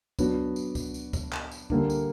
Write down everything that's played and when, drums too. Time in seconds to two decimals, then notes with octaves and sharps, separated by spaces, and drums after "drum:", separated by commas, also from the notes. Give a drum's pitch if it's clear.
0.19 F#3 B3 D4 F#4, drum: kick C#2, tambourine
0.56 drum: tambourine
0.75 drum: kick C#2, tambourine
0.94 drum: tambourine
1.13 drum: kick C#2, tambourine
1.32 drum: clap
1.52 drum: tambourine
1.70 D3 G3 A#3 D4, drum: kick C#2
1.90 drum: tambourine